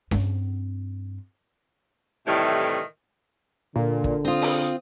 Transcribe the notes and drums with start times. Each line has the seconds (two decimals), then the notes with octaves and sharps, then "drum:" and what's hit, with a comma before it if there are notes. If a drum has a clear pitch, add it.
0.11 G2 C4, drum: snare C#4
2.26 A2 C3 D#3 E3 G3 A3
3.76 A#2 D3
4.04 drum: kick
4.25 C4 F4 D#6
4.42 drum: open hi-hat